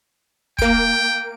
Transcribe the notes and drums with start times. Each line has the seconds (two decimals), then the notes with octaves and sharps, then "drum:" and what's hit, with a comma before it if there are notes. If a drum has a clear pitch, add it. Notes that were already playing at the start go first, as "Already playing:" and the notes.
0.59 A#3 G5 D7, drum: kick